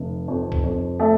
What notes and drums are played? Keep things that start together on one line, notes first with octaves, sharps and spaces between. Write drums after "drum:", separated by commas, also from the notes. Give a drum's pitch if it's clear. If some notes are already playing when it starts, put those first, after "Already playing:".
Already playing: F1
F2
drum: kick C#2
F2
A3